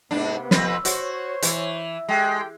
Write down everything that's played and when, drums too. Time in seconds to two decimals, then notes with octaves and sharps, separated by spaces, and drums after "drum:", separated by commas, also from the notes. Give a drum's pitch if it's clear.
0.11 G#2 C3 A#3 B3 D4
0.51 F2 C4 B4, drum: snare
0.85 F#4 C5 C#5, drum: hi-hat
1.42 E3, drum: hi-hat
2.09 G#3 G4 A4 G5